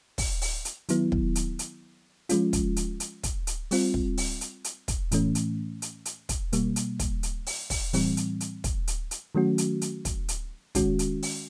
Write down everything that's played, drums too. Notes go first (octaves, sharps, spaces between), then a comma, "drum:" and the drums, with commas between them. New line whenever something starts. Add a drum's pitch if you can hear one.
drum: kick, open hi-hat
drum: open hi-hat
drum: hi-hat
D#3 F#3 B3 E4, drum: hi-hat
drum: kick
drum: hi-hat
drum: hi-hat
F3 G#3 C#4 F4, drum: hi-hat
drum: kick, hi-hat
drum: hi-hat
drum: hi-hat
drum: kick, hi-hat
drum: hi-hat
G3 C4 F4, drum: open hi-hat
drum: kick
drum: open hi-hat
drum: hi-hat
drum: hi-hat
drum: kick, hi-hat
A2 E3 A3 C#4, drum: hi-hat
drum: hi-hat
drum: hi-hat
drum: hi-hat
drum: kick, hi-hat
B2 G3 A#3, drum: hi-hat
drum: hi-hat
drum: kick, hi-hat
drum: hi-hat
drum: open hi-hat
drum: kick, open hi-hat
A2 E3 G3 C4, drum: open hi-hat
drum: hi-hat
drum: hi-hat
drum: kick, hi-hat
drum: hi-hat
drum: hi-hat
D#3 F#3 A3 C#4 F#4
drum: hi-hat
drum: hi-hat
drum: kick, hi-hat
drum: hi-hat
D#3 G#3 C#4 F#4, drum: kick, hi-hat
drum: hi-hat
drum: open hi-hat